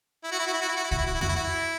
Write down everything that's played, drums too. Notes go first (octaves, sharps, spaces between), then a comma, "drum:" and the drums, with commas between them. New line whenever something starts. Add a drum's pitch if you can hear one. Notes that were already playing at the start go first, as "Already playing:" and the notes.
E4
F#4
E4
F#4
E4
F#4
E4
F#4
E4
F#4, drum: kick
E4
F#4
E4
F#4, drum: tom
E4
F#4
E4